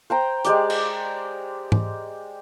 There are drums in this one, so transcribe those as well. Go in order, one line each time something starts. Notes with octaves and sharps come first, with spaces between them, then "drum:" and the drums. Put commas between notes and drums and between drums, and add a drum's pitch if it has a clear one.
C5 G5 A#5
G#3 G4 D5, drum: hi-hat
drum: cymbal
drum: tom G#2